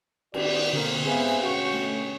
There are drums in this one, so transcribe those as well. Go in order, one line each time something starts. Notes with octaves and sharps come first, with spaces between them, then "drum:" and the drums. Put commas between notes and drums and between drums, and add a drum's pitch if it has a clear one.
D#3 B3 F#4 D5, drum: cymbal
B2 D3 A#3 C4 A#4
G#2 B3 G#4 B4 E5 F5 G#5
D2 B2 C#4 F#4 G5 C#6
A3